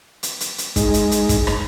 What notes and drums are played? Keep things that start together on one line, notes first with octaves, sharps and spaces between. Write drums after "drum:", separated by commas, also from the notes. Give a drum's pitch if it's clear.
drum: hi-hat
drum: hi-hat
drum: hi-hat
G#3 D#4, drum: kick, hi-hat
drum: hi-hat
drum: hi-hat
drum: kick, hi-hat
drum: rim click